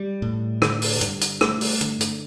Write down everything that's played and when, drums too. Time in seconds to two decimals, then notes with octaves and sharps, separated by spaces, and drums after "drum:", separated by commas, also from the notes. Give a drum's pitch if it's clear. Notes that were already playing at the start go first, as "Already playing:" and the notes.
Already playing: G3
0.22 A2
0.62 D3, drum: rim click
0.82 drum: open hi-hat
1.01 G2, drum: hi-hat
1.21 drum: hi-hat
1.41 A3, drum: rim click
1.61 drum: open hi-hat
1.81 D3, drum: hi-hat
2.00 drum: hi-hat